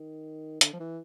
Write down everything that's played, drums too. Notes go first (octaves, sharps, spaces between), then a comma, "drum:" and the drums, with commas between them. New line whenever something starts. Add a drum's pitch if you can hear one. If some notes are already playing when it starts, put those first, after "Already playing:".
Already playing: D#3
D3, drum: hi-hat
F3
E3